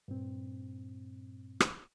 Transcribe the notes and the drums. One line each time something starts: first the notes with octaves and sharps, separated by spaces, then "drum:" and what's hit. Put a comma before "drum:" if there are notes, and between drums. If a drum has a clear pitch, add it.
G2 A#2 C4
drum: rim click